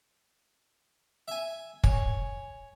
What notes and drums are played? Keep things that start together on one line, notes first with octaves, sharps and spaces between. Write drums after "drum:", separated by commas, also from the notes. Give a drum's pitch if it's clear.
E5 G#5
C#5 G#5, drum: kick